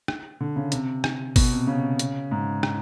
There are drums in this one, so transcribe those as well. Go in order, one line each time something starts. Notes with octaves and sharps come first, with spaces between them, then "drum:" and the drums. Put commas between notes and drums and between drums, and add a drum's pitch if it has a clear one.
drum: rim click
D3
C#3
C3, drum: hi-hat
drum: rim click
B2, drum: kick G1, open hi-hat
C3
C#3
drum: hi-hat
G#2
drum: rim click